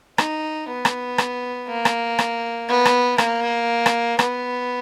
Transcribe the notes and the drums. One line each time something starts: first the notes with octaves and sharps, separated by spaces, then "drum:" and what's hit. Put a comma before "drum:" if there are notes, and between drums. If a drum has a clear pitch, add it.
D#4, drum: rim click
B3
drum: rim click
drum: rim click
A#3
drum: rim click
drum: rim click
B3
drum: rim click
A#3, drum: rim click
drum: rim click
B3, drum: rim click